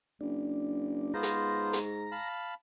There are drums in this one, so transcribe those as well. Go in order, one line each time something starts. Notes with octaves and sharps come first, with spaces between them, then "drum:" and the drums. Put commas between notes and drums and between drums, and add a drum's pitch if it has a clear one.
F#1 D4
G#2 B3 F4 C5 A#5
drum: hi-hat
drum: hi-hat
F5 A5 B5